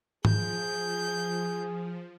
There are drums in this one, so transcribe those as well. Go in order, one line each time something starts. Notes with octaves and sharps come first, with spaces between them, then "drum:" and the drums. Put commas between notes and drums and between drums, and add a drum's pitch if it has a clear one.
F3 G#4 G6, drum: tom G#2